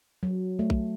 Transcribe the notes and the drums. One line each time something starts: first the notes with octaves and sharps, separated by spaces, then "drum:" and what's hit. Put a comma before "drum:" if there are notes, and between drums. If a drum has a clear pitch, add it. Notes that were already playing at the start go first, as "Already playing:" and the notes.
F#3
A3
drum: kick A#1